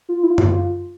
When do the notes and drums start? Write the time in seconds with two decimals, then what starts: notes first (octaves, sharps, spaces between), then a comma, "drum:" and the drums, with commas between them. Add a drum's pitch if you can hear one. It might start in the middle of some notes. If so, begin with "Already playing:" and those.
0.09 F4
0.23 E4
0.30 F4
0.38 E4, drum: tom F#2
0.45 F4